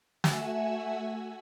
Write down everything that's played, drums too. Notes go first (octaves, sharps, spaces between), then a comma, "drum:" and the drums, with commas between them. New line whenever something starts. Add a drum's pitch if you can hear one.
A3 F#4 E5 F#5 G#5 E6, drum: snare